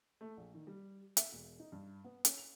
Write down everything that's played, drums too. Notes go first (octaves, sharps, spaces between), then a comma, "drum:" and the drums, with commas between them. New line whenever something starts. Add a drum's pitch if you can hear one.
A3
A#1
D#3
G3
E5, drum: hi-hat
E1
D#4
G2
B3
C#4, drum: hi-hat
F7